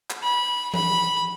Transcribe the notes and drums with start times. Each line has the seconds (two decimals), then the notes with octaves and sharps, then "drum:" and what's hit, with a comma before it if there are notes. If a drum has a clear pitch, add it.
0.10 drum: clap
0.23 B5
0.74 B5, drum: tom E3